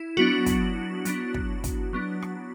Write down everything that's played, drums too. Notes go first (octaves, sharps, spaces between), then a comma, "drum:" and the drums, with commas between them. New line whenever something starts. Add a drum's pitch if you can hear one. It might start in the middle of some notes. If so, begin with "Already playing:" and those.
Already playing: E4
F#3 B3 D4 F#4
drum: kick, hi-hat
F#3 B3 D4, drum: hi-hat
drum: kick
drum: kick, hi-hat
F#3 B3 D4
drum: rim click